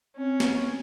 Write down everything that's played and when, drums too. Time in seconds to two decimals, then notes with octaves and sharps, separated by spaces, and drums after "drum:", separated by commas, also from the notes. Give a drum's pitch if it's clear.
0.17 C4 C#4
0.40 drum: snare